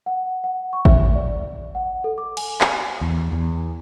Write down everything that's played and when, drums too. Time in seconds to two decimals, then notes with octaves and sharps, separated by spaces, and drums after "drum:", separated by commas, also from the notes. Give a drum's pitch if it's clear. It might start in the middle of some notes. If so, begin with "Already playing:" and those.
0.06 F#5
0.44 F#5
0.73 C#6
0.85 E5, drum: kick G#1
1.15 D5
1.75 F#5
2.04 A4
2.18 D6
2.37 G#5, drum: cymbal
2.61 G#5, drum: clap
3.01 E2
3.32 E2